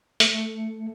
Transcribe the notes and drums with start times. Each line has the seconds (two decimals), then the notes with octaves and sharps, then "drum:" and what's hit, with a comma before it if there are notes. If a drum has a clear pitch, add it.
0.20 A3 C#7, drum: hi-hat